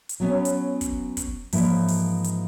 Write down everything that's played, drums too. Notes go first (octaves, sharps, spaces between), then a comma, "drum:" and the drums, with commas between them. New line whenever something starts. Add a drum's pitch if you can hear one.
drum: hi-hat
F#3 B3 C#4
drum: hi-hat
drum: kick, hi-hat
drum: kick, hi-hat
G#2 E3 F3 A#3 B4 E5, drum: open hi-hat
drum: open hi-hat
drum: hi-hat